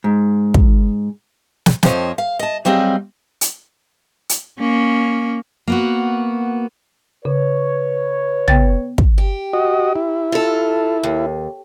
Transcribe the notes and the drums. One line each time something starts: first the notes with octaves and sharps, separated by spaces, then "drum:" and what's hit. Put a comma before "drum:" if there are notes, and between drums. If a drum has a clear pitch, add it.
G#2
drum: kick
drum: snare
F2 F3 C4 C5 C#5 D#5, drum: snare
F5
D#5 A5
F#3 G3 C4 G#4 D#5 F5
drum: hi-hat
drum: hi-hat
A#3 C#4
A#3 B3 F#4
C#3 B4 C#5
B3 G5 A6, drum: tom
drum: kick
G4
F#4 D#5
E4
F4 A4
D#2